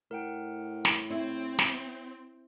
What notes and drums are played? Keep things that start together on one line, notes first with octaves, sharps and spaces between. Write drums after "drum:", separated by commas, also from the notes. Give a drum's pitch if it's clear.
A2 A#4 F#5 G5
drum: snare
C4 E4 C#5
drum: snare